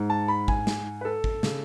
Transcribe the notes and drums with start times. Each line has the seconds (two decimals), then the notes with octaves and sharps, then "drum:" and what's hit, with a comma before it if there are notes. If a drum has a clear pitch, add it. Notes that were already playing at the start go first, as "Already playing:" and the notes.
Already playing: G#2
0.10 A5
0.28 B5
0.48 G#5, drum: kick
0.67 drum: snare
1.01 B4
1.05 A4
1.24 drum: kick
1.43 C#3, drum: snare